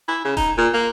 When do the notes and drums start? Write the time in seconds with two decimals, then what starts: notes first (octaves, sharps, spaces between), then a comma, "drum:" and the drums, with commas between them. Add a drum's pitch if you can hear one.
0.08 E4
0.25 C#3
0.37 D#4, drum: kick D#1, hi-hat
0.58 A#2
0.74 A#3